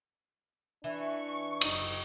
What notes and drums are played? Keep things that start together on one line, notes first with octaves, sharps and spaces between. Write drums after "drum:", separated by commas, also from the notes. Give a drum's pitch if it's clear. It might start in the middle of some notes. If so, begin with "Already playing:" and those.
E3 D4 C#6
F#1 D#4, drum: cymbal